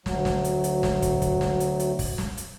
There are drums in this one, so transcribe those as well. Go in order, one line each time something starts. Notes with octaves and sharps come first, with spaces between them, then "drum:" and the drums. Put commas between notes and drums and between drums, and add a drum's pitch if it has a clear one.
D2 F#3, drum: snare
drum: snare
drum: hi-hat
drum: hi-hat
drum: snare
drum: kick, hi-hat
drum: kick, hi-hat
drum: snare
drum: hi-hat
drum: hi-hat
drum: kick, open hi-hat
drum: snare
drum: hi-hat